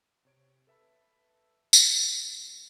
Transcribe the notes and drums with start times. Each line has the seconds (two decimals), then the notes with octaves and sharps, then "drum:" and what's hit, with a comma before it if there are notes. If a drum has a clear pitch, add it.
0.25 C3 C#5 D7
0.67 A4 B4 E5 A5 B5
1.73 B2 F3 A#3, drum: tambourine